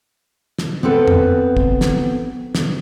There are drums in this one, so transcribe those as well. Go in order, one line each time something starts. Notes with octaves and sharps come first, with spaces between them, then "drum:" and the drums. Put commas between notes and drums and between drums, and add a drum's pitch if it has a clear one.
drum: snare
B3 C4 A4 B4
drum: tom F2
drum: kick
drum: snare
drum: snare